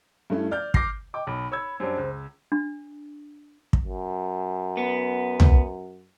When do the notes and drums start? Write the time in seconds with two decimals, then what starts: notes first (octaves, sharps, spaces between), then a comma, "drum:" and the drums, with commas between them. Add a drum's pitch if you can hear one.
0.30 G2 A3 C#4 E4
0.51 D5 F6 G6
0.74 D6 G6 A#6 C7, drum: kick
1.14 D#5 G5 D6
1.27 B1 B5
1.51 C#5 B5 E6 G#6
1.80 F#2 G3 D4 C5
1.98 C#2
2.52 D4
3.73 drum: kick
3.86 F#2
4.77 B3
5.40 drum: tom